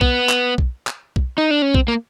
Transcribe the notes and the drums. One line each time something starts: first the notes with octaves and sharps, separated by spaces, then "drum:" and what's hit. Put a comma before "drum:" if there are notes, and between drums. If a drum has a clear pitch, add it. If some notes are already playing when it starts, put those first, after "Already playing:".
B3, drum: kick B1
drum: clap
drum: kick B1
drum: clap
drum: kick B1
D#4
D4
C#4
C4, drum: kick B1
A#3